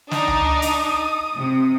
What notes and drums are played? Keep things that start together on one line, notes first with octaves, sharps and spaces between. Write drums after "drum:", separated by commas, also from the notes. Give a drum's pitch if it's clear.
D4 D#4 D#6, drum: snare
drum: tom C#2
drum: hi-hat
C3